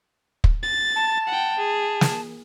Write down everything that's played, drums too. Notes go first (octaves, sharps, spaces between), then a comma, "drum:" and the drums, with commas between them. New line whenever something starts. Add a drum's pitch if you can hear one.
drum: kick
A6
A5
F#5 G5
G#4
drum: snare